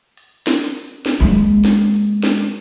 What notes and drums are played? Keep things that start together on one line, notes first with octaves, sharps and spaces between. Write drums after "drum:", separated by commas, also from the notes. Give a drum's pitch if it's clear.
drum: open hi-hat
drum: snare
drum: open hi-hat
drum: snare
G#3 A#3
drum: open hi-hat
drum: snare
drum: open hi-hat
drum: snare